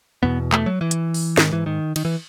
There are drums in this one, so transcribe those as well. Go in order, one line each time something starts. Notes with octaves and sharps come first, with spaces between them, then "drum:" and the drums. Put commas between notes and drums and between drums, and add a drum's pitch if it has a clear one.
E2 B2 B3
A3, drum: clap
F#3
E3
drum: hi-hat
drum: open hi-hat
G#2 D#3, drum: snare
E3
D#3
D#3, drum: cymbal
E3